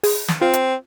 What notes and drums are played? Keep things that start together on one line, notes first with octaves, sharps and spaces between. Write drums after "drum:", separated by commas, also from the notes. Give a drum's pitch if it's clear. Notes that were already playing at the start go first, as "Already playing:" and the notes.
G#4, drum: open hi-hat
drum: snare
C4 F4
drum: hi-hat